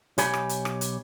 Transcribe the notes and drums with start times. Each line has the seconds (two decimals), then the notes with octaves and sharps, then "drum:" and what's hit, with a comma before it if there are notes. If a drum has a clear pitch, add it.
0.18 B1 G4 C#5 G#5 B5, drum: hi-hat
0.34 drum: rim click
0.49 drum: hi-hat
0.65 drum: rim click
0.81 drum: hi-hat